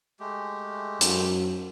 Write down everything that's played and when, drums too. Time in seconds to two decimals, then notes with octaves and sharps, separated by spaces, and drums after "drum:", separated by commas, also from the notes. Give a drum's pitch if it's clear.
0.20 G#3 A3 G4
1.01 F#2, drum: hi-hat